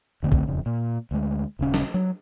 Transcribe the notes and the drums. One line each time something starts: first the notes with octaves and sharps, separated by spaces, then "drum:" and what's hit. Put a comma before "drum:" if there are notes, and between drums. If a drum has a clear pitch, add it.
F1 D3 A3 C4
drum: kick
D#1 F2 C#3
A#2
D2 G#3
D#1 C#3 C#4
drum: snare
F#3